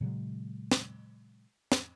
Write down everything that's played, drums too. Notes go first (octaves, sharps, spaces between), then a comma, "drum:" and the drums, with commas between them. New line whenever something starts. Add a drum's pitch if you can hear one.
A#2 C#3 F#3 G#3
drum: snare
drum: snare